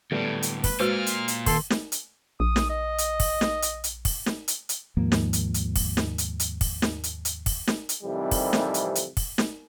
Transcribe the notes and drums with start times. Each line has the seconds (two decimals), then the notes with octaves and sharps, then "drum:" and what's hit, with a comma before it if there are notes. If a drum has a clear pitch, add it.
0.12 D2 A2 G3 A3 B3
0.42 drum: hi-hat
0.64 B4, drum: kick, open hi-hat
0.80 A#2 G#3 F4 F#4 B4 C5 F6
1.06 drum: hi-hat
1.28 drum: hi-hat
1.46 D#3 A4 C6, drum: kick, open hi-hat
1.70 drum: snare
1.92 drum: hi-hat
2.40 A#1 D#6
2.56 drum: snare
2.69 D#5
2.98 drum: hi-hat
3.20 drum: kick, open hi-hat
3.41 drum: snare
3.62 drum: hi-hat
3.84 drum: hi-hat
4.05 drum: kick, open hi-hat
4.26 drum: snare
4.48 drum: hi-hat
4.69 drum: hi-hat
4.97 D#2 G#2 F3 A#3
5.12 drum: snare
5.33 drum: hi-hat
5.54 drum: hi-hat
5.76 drum: kick, open hi-hat
5.97 drum: snare
6.18 drum: hi-hat
6.40 drum: hi-hat
6.61 drum: kick, open hi-hat
6.82 drum: snare
7.04 drum: hi-hat
7.25 drum: hi-hat
7.46 drum: kick, open hi-hat
7.67 drum: snare
7.89 drum: hi-hat
8.03 F2 A2 C3 D#3 E3 G3
8.31 drum: kick, open hi-hat
8.53 drum: snare
8.74 drum: hi-hat
8.95 drum: hi-hat
9.17 drum: kick, open hi-hat
9.38 drum: snare